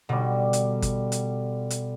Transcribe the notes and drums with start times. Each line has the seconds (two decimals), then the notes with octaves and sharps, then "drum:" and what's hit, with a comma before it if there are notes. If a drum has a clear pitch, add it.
0.09 B2 D3 G3
0.53 drum: hi-hat
0.82 drum: kick, hi-hat
1.12 drum: hi-hat
1.70 drum: hi-hat